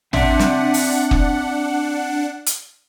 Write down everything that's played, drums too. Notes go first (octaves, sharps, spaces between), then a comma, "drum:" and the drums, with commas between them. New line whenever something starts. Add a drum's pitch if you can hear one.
C4 D4 E5 F#5, drum: tom
drum: snare
drum: open hi-hat
drum: kick
drum: hi-hat